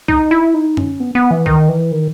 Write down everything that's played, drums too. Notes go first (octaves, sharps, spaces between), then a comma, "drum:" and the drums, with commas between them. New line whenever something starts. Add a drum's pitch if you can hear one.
D#4, drum: kick C2
E4
D#4
C#4, drum: tom F#2
B3
B3
E3
D#3, drum: kick C2
E3
D#3